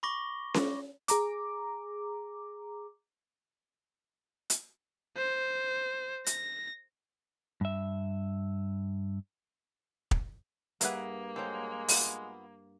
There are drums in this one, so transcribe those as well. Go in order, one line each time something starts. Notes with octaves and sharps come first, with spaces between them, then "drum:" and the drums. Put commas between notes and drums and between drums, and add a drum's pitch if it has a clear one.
B5 C#6 D6 A#6 G7
drum: snare C#4
G#4 A#5 D6, drum: hi-hat
drum: hi-hat
C5
A#6, drum: hi-hat
G2 E5
drum: kick
G2 A#3 G#4 A#4 B4 E5 F#5, drum: hi-hat
F#3 G#3 A4 C5 G5
B3 F4, drum: open hi-hat